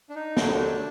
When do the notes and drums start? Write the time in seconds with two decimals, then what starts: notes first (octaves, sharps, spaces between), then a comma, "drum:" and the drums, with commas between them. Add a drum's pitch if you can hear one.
0.09 D4
0.15 D#4
0.37 D#2 D3 F#3 A3 D4, drum: snare
0.46 D#4
0.55 D4